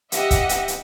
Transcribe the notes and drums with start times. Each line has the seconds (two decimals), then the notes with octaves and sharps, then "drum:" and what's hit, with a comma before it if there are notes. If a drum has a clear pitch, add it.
0.12 G4 D#5 E5 F#5, drum: hi-hat
0.31 drum: kick, hi-hat
0.49 drum: hi-hat
0.68 drum: hi-hat